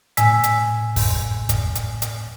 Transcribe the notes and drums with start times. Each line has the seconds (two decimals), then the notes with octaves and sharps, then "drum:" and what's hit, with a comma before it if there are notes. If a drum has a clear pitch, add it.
0.17 A2 G#5 E6 B6, drum: hi-hat
0.44 drum: hi-hat
0.96 drum: kick, open hi-hat
1.49 drum: kick, hi-hat
1.75 drum: hi-hat
2.02 drum: hi-hat